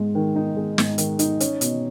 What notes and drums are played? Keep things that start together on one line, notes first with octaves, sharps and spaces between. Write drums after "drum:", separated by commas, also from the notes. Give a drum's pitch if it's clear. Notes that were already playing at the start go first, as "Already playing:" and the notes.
Already playing: G#2 G#3
D#3
D#4
G#3
G#2, drum: snare
D#3, drum: hi-hat
D#4, drum: hi-hat
C#4, drum: hi-hat
B2, drum: hi-hat